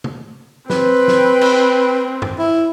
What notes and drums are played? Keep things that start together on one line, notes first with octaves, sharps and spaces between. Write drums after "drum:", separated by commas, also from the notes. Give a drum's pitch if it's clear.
drum: tom
C4 B4, drum: snare
drum: snare
drum: cymbal
drum: tom
E4